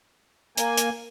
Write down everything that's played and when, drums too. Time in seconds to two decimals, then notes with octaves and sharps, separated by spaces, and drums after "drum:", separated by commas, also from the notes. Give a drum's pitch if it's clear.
0.57 A#3 G#5, drum: hi-hat
0.77 drum: hi-hat